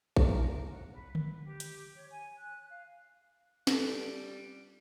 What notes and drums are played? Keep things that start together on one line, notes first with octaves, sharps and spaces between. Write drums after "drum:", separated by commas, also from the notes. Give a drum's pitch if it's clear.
A#4, drum: kick
F#5
B4
B4, drum: tom D3
G4
drum: hi-hat
C#5
G#5
F#6
F5
G3 F4 A4 B4, drum: snare